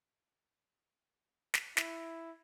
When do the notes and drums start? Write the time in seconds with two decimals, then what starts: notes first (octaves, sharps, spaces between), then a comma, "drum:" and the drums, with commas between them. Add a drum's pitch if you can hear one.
1.54 drum: snare
1.77 E4, drum: snare